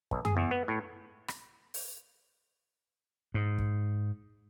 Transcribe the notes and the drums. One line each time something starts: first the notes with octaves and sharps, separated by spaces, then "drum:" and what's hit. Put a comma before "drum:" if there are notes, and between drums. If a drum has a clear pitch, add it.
B1, drum: kick
G#4, drum: tom F#2
E2
B3
A2
drum: rim click
drum: open hi-hat
G#2
drum: kick